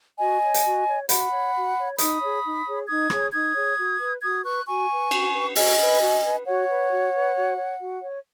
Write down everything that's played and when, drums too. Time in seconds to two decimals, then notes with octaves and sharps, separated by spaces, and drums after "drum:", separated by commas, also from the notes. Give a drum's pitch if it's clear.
0.19 F#4 D#5 G#5
0.42 C#5
0.54 drum: hi-hat
0.65 F#4
0.87 C#5
1.09 F#4 F#5 B5, drum: hi-hat
1.31 C#5
1.54 F#4
1.76 C#5
1.98 D#4 B5 D#6, drum: hi-hat
2.21 G#4 C#5
2.43 D#4
2.66 G#4 C#5
2.87 D#4 D#6 G#6
3.10 G#4 C#5, drum: rim click
3.32 D#4 D#6 G#6
3.54 G#4 C#5
3.77 F#4
3.99 B4
4.22 F#4 D#6 G#6
4.44 B4 C#6 F#6
4.67 F#4 G#5 C#6
4.89 B4
5.11 F#4, drum: cymbal
5.33 B4
5.55 F#4 D#5 G#5, drum: open hi-hat
5.78 B4
6.00 F#4
6.23 B4
6.45 F#4 C#5 F#5
6.68 B4
6.90 F#4
7.13 B4
7.35 F#4
7.57 C#5
7.80 F#4
8.02 C#5